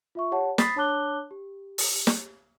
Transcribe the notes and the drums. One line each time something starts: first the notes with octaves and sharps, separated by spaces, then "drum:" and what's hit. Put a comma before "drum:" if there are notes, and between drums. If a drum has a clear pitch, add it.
F4 E5 C#6
G4 C#5 F#5 A5
B5 D#6 A6 B6 C7, drum: snare
D4 C#5 A5 D6 F#6 G7
G4
drum: open hi-hat
drum: snare